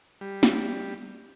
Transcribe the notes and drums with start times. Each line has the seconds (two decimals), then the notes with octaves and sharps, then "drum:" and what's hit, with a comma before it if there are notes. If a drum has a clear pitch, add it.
0.21 G3
0.43 drum: snare